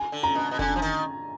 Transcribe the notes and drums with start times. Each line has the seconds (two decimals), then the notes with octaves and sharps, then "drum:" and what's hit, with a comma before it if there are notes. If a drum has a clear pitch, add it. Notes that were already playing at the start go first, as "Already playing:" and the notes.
Already playing: G#5
0.12 D3
0.23 A#5
0.35 B2
0.51 B2
0.59 D3 G#5, drum: kick F1
0.76 F3
0.82 D#3, drum: hi-hat